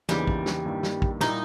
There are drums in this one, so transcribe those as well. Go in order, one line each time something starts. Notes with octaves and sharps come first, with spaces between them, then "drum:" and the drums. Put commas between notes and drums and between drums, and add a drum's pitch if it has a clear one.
E2 C#3 E3 G3 A#3 D#4, drum: snare
drum: kick
drum: snare
G2 D#3 A#3 E4
drum: snare
drum: kick
A#2 G3 A#3 D#4 E4 G4, drum: snare